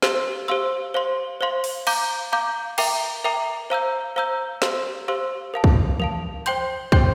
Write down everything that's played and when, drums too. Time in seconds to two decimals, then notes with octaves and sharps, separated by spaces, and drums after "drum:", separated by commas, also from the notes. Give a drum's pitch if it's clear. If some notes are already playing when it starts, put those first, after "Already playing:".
0.02 G4 C5 F5 C6 E6, drum: snare
0.48 G4 C5 F5 C6 E6
0.94 C5 F5 C6
1.41 C5 F5 C6
1.64 drum: open hi-hat
1.87 F5 A#5 D6 G6, drum: cymbal
2.32 F5 A#5 D6 G6
2.78 A#4 E5 G5 A#5 D6, drum: cymbal
3.24 A#4 E5 G5 A#5 D6
3.70 C5 F5 A#5 E6 G6
4.16 C5 F5 A#5 E6 G6
4.62 G4 C5 F5 C6 E6, drum: snare
5.08 G4 C5 F5 C6 E6
5.54 A#4 F5 A5
5.64 drum: kick
6.00 A#4 F5 A5, drum: tom E3
6.46 C5 G5 C6 G6, drum: hi-hat
6.92 C5 G5 C6 G6, drum: kick